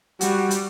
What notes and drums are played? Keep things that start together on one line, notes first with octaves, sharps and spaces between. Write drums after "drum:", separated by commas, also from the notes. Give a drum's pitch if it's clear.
G3 F#4, drum: hi-hat
drum: hi-hat